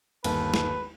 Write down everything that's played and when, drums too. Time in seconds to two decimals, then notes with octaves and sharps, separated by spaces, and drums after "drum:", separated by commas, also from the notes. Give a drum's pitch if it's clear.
0.24 G1 D#2 B4, drum: cymbal
0.54 drum: snare